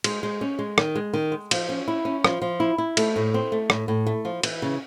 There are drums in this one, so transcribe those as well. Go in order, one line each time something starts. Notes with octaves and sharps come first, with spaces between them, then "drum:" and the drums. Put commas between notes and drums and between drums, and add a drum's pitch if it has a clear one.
G#3, drum: cymbal
G#3
C#4
G#3
D#3, drum: rim click
G#3
D#3
G#3
F3, drum: cymbal
C#4
E4
C#4
F3, drum: rim click
F3
E4
E4
A3, drum: cymbal
A2
C4
A3
A2, drum: rim click
A2
A3
F3
E3, drum: cymbal
C#3